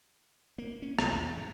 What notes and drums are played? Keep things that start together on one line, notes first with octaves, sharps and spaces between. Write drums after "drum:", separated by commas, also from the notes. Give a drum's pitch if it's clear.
A#3
C#4
B1, drum: rim click
E2
G#2